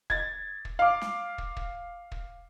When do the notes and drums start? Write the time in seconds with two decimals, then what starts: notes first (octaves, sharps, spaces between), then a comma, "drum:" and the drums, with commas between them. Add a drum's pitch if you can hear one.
0.10 G#6 A6, drum: kick
0.65 drum: kick
0.79 F5 D6
1.02 drum: snare
1.38 drum: kick
1.57 drum: kick
2.12 drum: kick